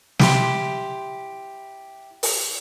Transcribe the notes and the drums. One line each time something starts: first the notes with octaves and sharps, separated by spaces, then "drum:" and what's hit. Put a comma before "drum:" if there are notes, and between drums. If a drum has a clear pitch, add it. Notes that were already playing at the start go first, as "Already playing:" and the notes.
E4 G4 C6, drum: snare
drum: open hi-hat